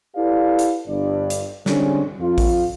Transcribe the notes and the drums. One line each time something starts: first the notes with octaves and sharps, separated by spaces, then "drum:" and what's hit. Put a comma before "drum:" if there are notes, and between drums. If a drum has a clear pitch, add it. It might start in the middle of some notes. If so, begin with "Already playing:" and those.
E4 G4 A4 B4 D5 F5
drum: hi-hat
G1 G2 D5
drum: hi-hat
D3 G3 G#3 C4 C#4, drum: snare
F2 F4
drum: kick A1, open hi-hat